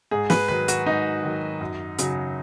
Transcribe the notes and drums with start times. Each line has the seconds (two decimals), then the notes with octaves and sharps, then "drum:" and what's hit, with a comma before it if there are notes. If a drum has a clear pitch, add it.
0.11 G#2 G#4
0.30 B4, drum: snare
0.48 D#3 F#3 B4
0.68 F#4, drum: hi-hat
0.86 G#2 D#4
1.23 D#3 F#3
1.61 F#2
1.99 C#3 F#3, drum: hi-hat